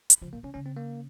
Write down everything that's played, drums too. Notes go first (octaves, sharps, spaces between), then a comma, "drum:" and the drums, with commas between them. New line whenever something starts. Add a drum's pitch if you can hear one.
drum: hi-hat
C#3 F3
A#2 A#3
C3 C#4
C#3 C#4
C4
A#3